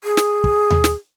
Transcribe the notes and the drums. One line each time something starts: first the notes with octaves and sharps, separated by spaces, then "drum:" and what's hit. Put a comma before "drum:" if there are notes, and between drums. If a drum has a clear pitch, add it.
G#4
drum: snare
drum: kick
drum: tom D#2
drum: snare